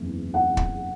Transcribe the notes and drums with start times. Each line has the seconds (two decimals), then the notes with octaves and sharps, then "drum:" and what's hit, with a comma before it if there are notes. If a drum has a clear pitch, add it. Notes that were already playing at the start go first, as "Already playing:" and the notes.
Already playing: F#1 E2 C3 E3
0.34 F#5
0.57 drum: kick